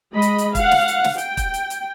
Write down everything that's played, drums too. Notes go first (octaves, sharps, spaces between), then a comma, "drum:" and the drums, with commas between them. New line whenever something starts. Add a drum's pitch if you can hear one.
G#3 D#5 B5
drum: hi-hat
drum: hi-hat
F5 F#5, drum: kick, hi-hat
drum: snare
drum: hi-hat
drum: snare
G5, drum: hi-hat
drum: kick, hi-hat
drum: hi-hat
drum: hi-hat